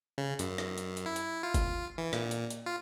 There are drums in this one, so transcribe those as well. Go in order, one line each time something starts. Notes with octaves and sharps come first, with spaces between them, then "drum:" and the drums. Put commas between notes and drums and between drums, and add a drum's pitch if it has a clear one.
C#3
F#2, drum: hi-hat
drum: rim click
drum: hi-hat
drum: hi-hat
E4
drum: hi-hat
F4
drum: kick, hi-hat
E3
A#2, drum: rim click
drum: hi-hat
drum: hi-hat
F4